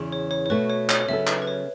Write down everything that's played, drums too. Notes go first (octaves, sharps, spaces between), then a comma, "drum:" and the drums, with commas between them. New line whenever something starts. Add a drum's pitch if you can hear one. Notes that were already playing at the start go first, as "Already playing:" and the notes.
Already playing: E2 C#3 E3
C#5
C#5
C#5
B2 A3 F#4 B4
C#5
C#5, drum: clap
C#5
C#3 F#3 B3 A4 E5
B4, drum: clap
B4
C#5